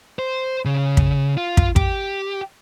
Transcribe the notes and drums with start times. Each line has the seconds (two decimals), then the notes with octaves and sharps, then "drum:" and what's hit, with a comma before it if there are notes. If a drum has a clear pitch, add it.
0.19 C5
0.65 C#3
0.97 drum: kick
1.37 F4
1.57 drum: kick
1.76 G4, drum: kick